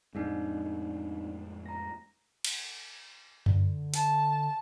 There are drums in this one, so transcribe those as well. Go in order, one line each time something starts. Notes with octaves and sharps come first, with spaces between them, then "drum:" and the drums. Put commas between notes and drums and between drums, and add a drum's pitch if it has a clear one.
F2 A2 G#3 C4 D4 D#4
A#5 A#6
drum: cymbal
D3, drum: tom F#2
A5, drum: hi-hat